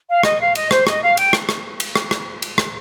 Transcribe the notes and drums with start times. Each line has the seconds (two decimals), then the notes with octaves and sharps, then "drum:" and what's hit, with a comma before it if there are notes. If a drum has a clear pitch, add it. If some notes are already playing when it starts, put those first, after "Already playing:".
0.08 F5
0.23 D#5, drum: rim click
0.39 F5
0.55 D#5, drum: cymbal
0.71 C5, drum: rim click
0.87 D#5, drum: rim click
1.02 F5
1.17 G5, drum: cymbal
1.33 drum: rim click
1.49 drum: rim click
1.80 drum: cymbal
1.96 drum: rim click
2.11 drum: rim click
2.42 drum: cymbal
2.58 drum: rim click